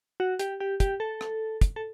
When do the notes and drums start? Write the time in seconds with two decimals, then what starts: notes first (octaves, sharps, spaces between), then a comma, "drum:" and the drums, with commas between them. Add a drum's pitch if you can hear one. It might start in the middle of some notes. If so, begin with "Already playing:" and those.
0.20 F#4
0.39 G4, drum: hi-hat
0.60 G4
0.80 G4, drum: kick, hi-hat
1.00 A4
1.21 drum: rim click
1.61 drum: kick, hi-hat
1.76 A4